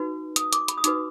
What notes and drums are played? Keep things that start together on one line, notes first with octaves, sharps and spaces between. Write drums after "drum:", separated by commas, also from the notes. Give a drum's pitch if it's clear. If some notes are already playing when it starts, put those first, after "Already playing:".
Already playing: D#4 F#4 B4
D#6, drum: hi-hat
D6, drum: hi-hat
B5, drum: hi-hat
D#6
D#4 F#4 B4 D6, drum: hi-hat